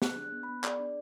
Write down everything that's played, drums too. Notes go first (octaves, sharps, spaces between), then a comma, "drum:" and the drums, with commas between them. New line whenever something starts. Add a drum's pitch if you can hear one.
G#4 F#6, drum: snare
D4
F#6
B3
B3 B5
G#4 D5, drum: clap
D4